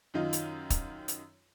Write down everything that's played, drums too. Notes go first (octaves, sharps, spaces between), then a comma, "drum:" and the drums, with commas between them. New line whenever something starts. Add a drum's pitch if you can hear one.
F#2 D#3 D#4 F4
drum: hi-hat
drum: kick, hi-hat
drum: hi-hat